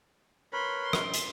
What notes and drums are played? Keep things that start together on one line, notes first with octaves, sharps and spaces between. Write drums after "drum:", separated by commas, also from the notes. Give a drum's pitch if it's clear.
A#4 B4 C#5 B5 C6
C6
drum: rim click
drum: hi-hat